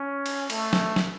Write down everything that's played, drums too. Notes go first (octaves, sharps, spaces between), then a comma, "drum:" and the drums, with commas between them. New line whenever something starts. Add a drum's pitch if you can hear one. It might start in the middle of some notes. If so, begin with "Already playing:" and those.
Already playing: C#4
drum: cymbal
A3, drum: cymbal
drum: snare
drum: snare